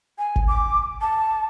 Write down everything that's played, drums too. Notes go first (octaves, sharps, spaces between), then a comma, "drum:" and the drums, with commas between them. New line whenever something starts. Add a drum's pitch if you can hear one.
G#5
drum: kick G1
D6
A5